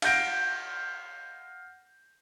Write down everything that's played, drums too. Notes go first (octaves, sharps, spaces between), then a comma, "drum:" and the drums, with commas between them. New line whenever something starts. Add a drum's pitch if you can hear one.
F5 F#5 G6 A#6 D7, drum: cymbal